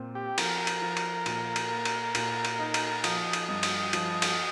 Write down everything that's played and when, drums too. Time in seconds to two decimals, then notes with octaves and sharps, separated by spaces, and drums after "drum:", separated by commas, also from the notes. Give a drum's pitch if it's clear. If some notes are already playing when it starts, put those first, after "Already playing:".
Already playing: A#2 C4
0.15 G4
0.38 F3 A#4, drum: cymbal
0.67 drum: cymbal
0.82 F3
0.97 drum: cymbal
1.26 A#2, drum: cymbal
1.56 drum: cymbal
1.71 A#3
1.85 drum: cymbal
2.15 A#2, drum: cymbal
2.45 drum: cymbal
2.59 D#4
2.74 drum: cymbal
3.04 F3 D#5, drum: cymbal
3.33 drum: cymbal
3.48 G2 D#5
3.63 drum: cymbal
3.93 F3, drum: cymbal
4.22 drum: cymbal